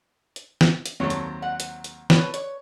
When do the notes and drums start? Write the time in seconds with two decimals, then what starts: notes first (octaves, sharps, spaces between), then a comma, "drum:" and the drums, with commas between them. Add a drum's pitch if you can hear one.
0.36 drum: hi-hat
0.61 drum: snare
0.86 drum: hi-hat
1.00 D#2 F#3 C4 A4 C#5
1.10 drum: hi-hat
1.42 F#5
1.60 drum: hi-hat
1.84 drum: hi-hat
2.10 A4 B4 C#5, drum: snare
2.34 C#5, drum: hi-hat